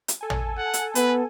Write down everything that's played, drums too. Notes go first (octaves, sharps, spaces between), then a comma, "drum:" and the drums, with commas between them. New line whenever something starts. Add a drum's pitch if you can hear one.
drum: hi-hat
A4 G#5
drum: tom
F#5
drum: hi-hat
B3 B4, drum: hi-hat